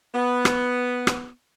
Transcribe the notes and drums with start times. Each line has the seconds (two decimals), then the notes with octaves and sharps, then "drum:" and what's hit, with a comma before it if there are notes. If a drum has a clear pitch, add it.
0.14 B3
0.45 drum: rim click
1.07 drum: rim click